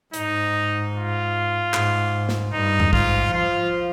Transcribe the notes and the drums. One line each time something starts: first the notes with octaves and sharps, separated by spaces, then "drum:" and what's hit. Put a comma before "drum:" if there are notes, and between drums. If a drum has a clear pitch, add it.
G#2 D#4, drum: hi-hat
F4
G#2, drum: clap
drum: snare
G2 D#4
drum: tom E2
G#2 F4, drum: kick
F3 F4